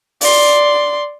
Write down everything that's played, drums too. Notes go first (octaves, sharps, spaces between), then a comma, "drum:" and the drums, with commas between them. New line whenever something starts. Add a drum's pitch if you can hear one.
D5 C6, drum: open hi-hat